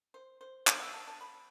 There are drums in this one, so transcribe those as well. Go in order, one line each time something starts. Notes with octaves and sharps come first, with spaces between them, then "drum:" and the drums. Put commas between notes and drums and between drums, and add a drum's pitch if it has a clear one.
C5
C5
D3 F3 B3 D5, drum: clap
E5
A5
A5
B5